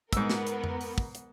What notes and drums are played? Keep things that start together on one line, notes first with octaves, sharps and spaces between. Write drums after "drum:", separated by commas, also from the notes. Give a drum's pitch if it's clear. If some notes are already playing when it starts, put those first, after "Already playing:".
G#2 B3 A#4 E6, drum: kick, hi-hat
drum: snare
drum: hi-hat
drum: tom F2
drum: open hi-hat
drum: kick
drum: hi-hat